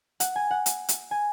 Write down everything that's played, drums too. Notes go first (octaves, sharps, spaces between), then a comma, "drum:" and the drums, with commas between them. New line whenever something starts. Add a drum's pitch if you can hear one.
F#5, drum: hi-hat
G#5
F#5
drum: hi-hat
drum: hi-hat
G#5